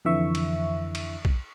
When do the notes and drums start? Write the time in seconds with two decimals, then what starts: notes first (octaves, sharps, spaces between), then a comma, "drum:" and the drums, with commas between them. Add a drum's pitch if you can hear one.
0.05 F2 D3 E3 E5 C#6
0.35 drum: cymbal
0.95 drum: cymbal
1.25 drum: kick B1